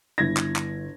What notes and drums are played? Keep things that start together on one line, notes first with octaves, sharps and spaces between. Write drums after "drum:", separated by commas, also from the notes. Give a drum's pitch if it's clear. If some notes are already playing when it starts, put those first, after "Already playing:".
G1 E4 G#6 A#6
drum: clap
drum: clap